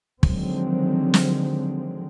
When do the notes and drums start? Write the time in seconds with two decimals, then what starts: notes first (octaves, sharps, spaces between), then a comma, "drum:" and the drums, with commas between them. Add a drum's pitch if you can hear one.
0.23 D3 D#3 F3 F#3 G#3 C4, drum: kick
1.14 drum: snare